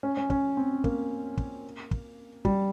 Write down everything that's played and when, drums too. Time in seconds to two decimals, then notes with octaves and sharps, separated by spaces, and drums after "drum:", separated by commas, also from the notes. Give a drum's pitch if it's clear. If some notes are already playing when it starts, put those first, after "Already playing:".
0.03 C#4
0.17 C#4
0.30 C#4, drum: kick
0.57 C4
0.84 A#3, drum: kick
1.37 drum: kick
1.91 drum: kick
2.45 G3, drum: kick